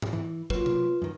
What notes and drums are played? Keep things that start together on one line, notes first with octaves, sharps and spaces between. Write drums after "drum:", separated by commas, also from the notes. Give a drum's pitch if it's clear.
drum: tom G#2
E3
F#3 A#3 F4 B4, drum: kick
drum: tom C3
F#2 D#3